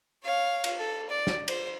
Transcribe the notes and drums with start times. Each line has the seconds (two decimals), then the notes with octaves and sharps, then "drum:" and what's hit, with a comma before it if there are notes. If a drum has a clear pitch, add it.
0.23 C#5 F5
0.64 drum: cymbal
0.78 A4
1.09 D5
1.27 drum: snare
1.48 C5, drum: cymbal